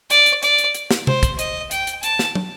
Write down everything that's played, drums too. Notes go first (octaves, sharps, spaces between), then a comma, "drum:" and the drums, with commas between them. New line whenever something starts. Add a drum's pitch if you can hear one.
D5, drum: hi-hat
drum: hi-hat
D5, drum: hi-hat
drum: hi-hat
drum: hi-hat
drum: snare
C5, drum: tom C3
drum: kick, hi-hat
D#5, drum: hi-hat
G5, drum: hi-hat
drum: hi-hat
A5, drum: hi-hat
drum: snare
drum: tom